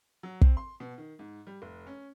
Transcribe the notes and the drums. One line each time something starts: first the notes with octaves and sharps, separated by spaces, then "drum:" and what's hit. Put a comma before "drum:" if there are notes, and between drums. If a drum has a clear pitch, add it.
F#3
C4, drum: kick
C6
B2
D#3
G#2
G3
F1
C#4